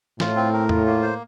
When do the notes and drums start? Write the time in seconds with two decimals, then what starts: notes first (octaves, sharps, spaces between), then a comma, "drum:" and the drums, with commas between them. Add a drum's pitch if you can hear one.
0.20 A2 F4, drum: snare
0.36 C4
0.53 A#4
0.69 F4, drum: tom E2
0.86 A#3
1.03 C5